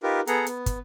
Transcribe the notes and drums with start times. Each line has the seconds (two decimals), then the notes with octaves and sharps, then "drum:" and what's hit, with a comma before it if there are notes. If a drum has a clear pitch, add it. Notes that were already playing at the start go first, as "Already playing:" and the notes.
0.03 D#4 F4 G4 A#4 B4
0.27 B3 G#4 A4 F#5 A#5, drum: hi-hat
0.46 B3, drum: hi-hat
0.66 drum: kick, hi-hat